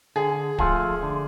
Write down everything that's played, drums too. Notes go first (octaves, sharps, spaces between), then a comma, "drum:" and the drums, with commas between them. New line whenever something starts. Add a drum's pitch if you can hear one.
D3 G#4
F3 A3 F4 G#4 A4, drum: kick
D3